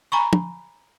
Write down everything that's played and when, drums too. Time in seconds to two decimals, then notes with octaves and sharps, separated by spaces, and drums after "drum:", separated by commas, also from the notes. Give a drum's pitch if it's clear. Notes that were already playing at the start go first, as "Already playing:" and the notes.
0.12 G#5 A#5 B5 C#6
0.33 drum: tom